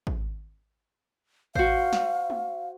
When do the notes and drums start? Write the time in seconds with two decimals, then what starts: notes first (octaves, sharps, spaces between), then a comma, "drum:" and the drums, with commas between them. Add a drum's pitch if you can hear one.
0.07 drum: kick
1.55 F#4 C5 F5, drum: kick
1.93 drum: snare
2.30 drum: tom